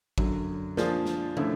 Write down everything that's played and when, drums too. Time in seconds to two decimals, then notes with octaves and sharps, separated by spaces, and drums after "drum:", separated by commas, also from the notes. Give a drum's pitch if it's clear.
0.18 F#2 D3 F#3, drum: kick
0.77 F3 A#3 D4 F4 G#4, drum: snare
1.06 drum: snare
1.37 D3 F3 A3 C#4 E4, drum: tom